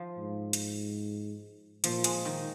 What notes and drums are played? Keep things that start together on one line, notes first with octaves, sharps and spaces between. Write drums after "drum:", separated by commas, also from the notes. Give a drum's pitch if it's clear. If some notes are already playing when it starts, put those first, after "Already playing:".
Already playing: F3
G#2
drum: hi-hat
A#2 F3, drum: hi-hat
G#3, drum: hi-hat
D#3